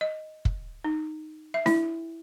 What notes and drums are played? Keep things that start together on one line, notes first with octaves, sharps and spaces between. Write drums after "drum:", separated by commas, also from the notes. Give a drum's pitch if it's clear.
D#5
drum: kick
D#4
E5
E4, drum: snare D4